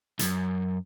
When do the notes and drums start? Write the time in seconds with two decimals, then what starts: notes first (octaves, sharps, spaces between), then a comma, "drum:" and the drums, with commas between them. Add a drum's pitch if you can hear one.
0.19 C#2 F#2, drum: hi-hat